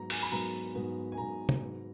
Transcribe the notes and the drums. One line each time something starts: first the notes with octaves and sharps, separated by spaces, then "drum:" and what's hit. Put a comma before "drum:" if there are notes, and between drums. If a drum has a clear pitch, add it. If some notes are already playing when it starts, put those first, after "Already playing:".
Already playing: G#2 F#3 B3 A#5
G#5, drum: open hi-hat
B5
G#2 F#3 B3 A#5
G#2 F#3 B3
G#5
G#2 F#3 B3 A#5
drum: tom
G#2 F#3 B3